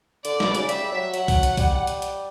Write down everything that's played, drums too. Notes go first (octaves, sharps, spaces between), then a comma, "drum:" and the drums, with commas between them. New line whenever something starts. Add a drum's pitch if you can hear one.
D3 D5, drum: hi-hat
B2, drum: snare
C#3, drum: hi-hat
G3 E5, drum: hi-hat
F#3
F#3 F#5, drum: hi-hat
drum: kick B1, open hi-hat
drum: hi-hat
G3, drum: kick B1, open hi-hat
drum: hi-hat
drum: hi-hat